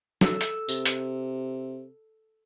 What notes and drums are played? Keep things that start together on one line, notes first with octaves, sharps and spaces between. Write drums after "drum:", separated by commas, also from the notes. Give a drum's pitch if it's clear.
A4 E6, drum: snare
drum: hi-hat
C3, drum: tambourine
drum: hi-hat